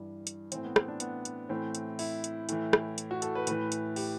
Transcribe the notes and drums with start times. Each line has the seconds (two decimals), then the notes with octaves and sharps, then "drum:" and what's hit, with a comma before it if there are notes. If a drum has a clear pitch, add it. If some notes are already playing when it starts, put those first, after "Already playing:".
Already playing: G2 E3
0.27 drum: hi-hat
0.52 A2 E3 C4, drum: hi-hat
0.64 B3
0.76 C4, drum: rim click
0.88 D4
1.00 B3, drum: hi-hat
1.25 drum: hi-hat
1.49 A2 E3 C4
1.75 drum: hi-hat
1.99 E4, drum: open hi-hat
2.24 drum: hi-hat
2.49 A2 E3, drum: hi-hat
2.73 drum: rim click
2.98 drum: hi-hat
3.11 F#4
3.22 A4, drum: hi-hat
3.35 B4
3.47 A2 E3 B4, drum: hi-hat
3.72 drum: hi-hat
3.96 G4, drum: open hi-hat